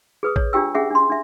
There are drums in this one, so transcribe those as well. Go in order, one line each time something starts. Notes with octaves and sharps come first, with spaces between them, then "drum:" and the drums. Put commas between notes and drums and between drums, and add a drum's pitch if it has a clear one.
G#4 B4 D#6
C#5, drum: kick A1
D4 F4 G4 G5 E6
C#4 G#4 E5 F#5
D4 C6
D4 E5